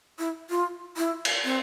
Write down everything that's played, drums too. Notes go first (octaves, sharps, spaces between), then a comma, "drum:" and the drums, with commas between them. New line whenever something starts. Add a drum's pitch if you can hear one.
E4
F4
E4
drum: cymbal
C4